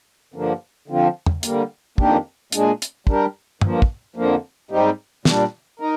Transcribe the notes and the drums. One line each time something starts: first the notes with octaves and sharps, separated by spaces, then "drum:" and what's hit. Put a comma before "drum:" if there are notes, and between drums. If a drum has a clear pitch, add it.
G2 D3 F3 A#3 D4
D3 F3 C4 F4
drum: tom
D3 G3 A#3, drum: hi-hat
F2 D#3 A#3 D4 G4, drum: kick
A#2 G#3 D4 G#4, drum: hi-hat
drum: hi-hat
G3 D4 G4 A#4, drum: kick
G2 F3 A#3, drum: tom
drum: kick
F2 D3 F3 A#3
G#2 G3 C4 D#4 G4
A#2 G3 D4, drum: snare
D#4 A#4